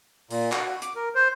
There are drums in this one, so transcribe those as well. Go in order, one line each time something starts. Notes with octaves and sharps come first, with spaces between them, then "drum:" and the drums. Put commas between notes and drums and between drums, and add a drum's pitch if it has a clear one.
A#2, drum: open hi-hat
F#4, drum: clap
D6, drum: hi-hat
A#4
C5